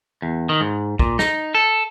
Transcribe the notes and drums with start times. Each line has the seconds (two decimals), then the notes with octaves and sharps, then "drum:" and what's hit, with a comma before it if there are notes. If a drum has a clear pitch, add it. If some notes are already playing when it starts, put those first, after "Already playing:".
0.22 E2
0.49 D#3
0.61 G#2
0.99 A#2, drum: kick
1.19 D#4, drum: snare
1.55 A4